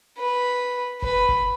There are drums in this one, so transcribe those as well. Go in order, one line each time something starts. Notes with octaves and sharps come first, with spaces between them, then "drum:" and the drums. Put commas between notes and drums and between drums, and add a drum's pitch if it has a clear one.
B4
B4, drum: kick F#1
drum: kick F#1